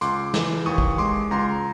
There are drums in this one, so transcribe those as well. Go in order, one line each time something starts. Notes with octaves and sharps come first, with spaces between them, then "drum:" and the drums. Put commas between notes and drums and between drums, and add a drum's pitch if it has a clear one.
C#2 C6 D6, drum: hi-hat
E3, drum: snare
D#2 C#6 D#6
drum: kick
G#3 C6 D6
C#2 A#5 C6